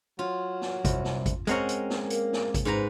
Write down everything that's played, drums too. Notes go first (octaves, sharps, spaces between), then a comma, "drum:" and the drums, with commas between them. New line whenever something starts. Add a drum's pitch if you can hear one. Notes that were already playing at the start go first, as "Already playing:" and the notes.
F#3 F4
drum: snare
C2, drum: kick G#1, hi-hat
drum: snare
drum: kick G#1, hi-hat
G#3 C4 C#4 A#4 F#5 A#5, drum: hi-hat
drum: hi-hat
drum: snare
A#3, drum: hi-hat
drum: snare
drum: kick G#1, hi-hat
G#2 B4 A#5